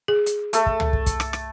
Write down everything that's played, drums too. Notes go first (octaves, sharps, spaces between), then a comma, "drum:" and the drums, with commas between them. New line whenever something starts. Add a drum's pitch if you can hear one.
G#4
drum: hi-hat
A3 A4, drum: hi-hat
drum: kick
drum: tom
drum: kick
drum: kick, hi-hat
drum: rim click
drum: rim click